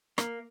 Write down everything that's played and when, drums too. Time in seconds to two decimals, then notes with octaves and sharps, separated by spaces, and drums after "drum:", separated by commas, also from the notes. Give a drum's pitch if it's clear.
0.18 A#3, drum: rim click